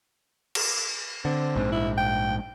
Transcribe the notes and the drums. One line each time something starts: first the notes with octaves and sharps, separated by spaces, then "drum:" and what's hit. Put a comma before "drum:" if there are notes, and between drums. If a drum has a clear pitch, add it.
drum: cymbal
D3 C4
A#1 G#2
E4
G5